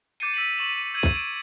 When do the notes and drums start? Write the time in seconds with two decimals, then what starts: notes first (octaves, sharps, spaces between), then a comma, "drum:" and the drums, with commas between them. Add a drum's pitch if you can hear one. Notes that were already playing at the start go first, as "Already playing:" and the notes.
0.20 D6 G6 A6 C7 C#7 D#7, drum: hi-hat
0.34 E6 B6 D#7 F#7
0.58 C#6 A6 B6 D#7 E7 F#7
0.94 E6 G6 G#6 D#7 F#7
1.03 drum: kick, hi-hat
1.15 G#6 D7 E7